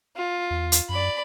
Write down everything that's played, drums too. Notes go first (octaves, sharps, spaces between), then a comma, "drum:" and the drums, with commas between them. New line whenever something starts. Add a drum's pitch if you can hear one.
F4
E2
drum: hi-hat
F#2 D5 B5